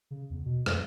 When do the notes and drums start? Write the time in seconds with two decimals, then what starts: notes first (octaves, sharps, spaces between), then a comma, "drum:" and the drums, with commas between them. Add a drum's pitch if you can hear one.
0.11 C#3
0.30 E2
0.45 B2
0.66 F2, drum: rim click